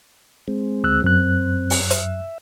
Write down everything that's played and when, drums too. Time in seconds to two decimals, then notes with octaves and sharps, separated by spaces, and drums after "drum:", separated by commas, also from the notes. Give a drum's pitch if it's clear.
0.48 G#3 C4
0.84 D2 E6 F#6
1.04 F#2 C4 F#6
1.70 drum: open hi-hat
1.90 E5, drum: hi-hat